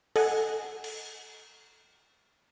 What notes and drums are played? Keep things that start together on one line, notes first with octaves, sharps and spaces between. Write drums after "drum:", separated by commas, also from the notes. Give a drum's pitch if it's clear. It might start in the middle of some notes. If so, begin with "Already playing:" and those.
A4 D#5 F#5 G#5, drum: cymbal
drum: cymbal